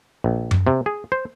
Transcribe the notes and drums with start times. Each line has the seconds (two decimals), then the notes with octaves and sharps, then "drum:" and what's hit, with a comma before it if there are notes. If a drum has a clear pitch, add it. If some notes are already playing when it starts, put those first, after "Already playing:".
0.24 A#1
0.51 drum: tom F#2
0.67 C3
0.86 G#4
1.12 C5